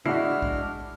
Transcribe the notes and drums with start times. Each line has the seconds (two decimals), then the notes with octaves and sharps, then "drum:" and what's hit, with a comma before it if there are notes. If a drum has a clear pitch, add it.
0.06 G#3 D4 E4 F#4 F6 C7, drum: tom
0.42 drum: kick